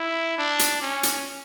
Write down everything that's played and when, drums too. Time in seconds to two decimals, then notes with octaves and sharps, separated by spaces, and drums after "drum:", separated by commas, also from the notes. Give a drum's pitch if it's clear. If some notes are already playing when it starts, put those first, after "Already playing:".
Already playing: E4
0.38 D4
0.59 drum: hi-hat
0.82 C#4
1.03 drum: hi-hat